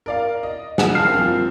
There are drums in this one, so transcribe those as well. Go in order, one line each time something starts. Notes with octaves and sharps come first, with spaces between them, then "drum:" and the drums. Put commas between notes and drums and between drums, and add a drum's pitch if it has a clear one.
A#4 D5 F5
D#5
G#4 F#5 E7, drum: snare
F#1 G3 C4 F5 A5
F3 A#3